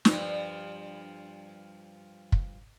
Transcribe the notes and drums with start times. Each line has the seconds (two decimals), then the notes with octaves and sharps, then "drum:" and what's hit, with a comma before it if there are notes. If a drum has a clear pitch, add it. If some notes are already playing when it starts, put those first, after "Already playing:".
0.05 G2 F3, drum: snare
2.32 drum: kick